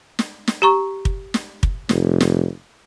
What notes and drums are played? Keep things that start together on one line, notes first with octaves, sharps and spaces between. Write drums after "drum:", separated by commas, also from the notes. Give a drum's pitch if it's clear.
drum: snare
drum: snare
G4 A#5 C#6
drum: kick
drum: snare
drum: kick
F1, drum: snare
drum: snare